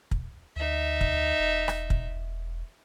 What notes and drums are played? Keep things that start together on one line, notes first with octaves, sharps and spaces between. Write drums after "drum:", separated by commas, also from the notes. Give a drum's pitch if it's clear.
drum: kick
D2 D#4 E5
drum: kick
E1
drum: rim click
drum: kick